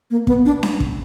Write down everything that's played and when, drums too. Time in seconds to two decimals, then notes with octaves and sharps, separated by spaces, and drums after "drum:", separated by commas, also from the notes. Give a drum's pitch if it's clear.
0.11 A#3
0.27 B3, drum: kick
0.45 D4
0.63 drum: snare C#4
0.80 drum: kick